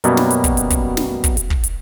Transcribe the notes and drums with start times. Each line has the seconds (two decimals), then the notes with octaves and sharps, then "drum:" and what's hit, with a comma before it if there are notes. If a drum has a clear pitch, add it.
0.04 F#2 B2 F#3 G3 A#3 B3, drum: hi-hat
0.17 drum: snare
0.31 drum: hi-hat
0.44 drum: kick, hi-hat
0.57 drum: hi-hat
0.70 drum: kick, hi-hat
0.97 drum: snare
1.24 drum: kick, hi-hat
1.37 drum: hi-hat
1.50 drum: kick
1.64 drum: hi-hat